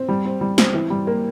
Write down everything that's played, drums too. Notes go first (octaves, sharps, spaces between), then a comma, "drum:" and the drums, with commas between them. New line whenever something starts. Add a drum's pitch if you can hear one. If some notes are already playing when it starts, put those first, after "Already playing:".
Already playing: C4
G3
C4
G3
C4, drum: snare
E3
G3
A#3